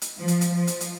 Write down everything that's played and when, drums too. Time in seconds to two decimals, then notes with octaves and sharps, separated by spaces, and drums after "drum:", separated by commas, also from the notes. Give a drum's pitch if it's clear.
0.02 drum: hi-hat
0.18 F3
0.28 drum: hi-hat
0.41 drum: hi-hat
0.54 F3
0.67 drum: hi-hat
0.81 drum: hi-hat